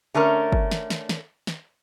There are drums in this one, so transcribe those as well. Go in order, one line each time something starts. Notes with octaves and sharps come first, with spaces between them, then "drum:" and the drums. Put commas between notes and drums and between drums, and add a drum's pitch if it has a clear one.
D3 A3 C#4 A#4
drum: kick G1
drum: snare
drum: snare
drum: snare
drum: snare